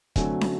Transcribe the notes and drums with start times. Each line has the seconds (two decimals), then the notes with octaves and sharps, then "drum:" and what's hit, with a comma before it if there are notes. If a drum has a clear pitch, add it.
0.16 D3 F#3 A3 C4 G#5, drum: kick, hi-hat
0.41 drum: snare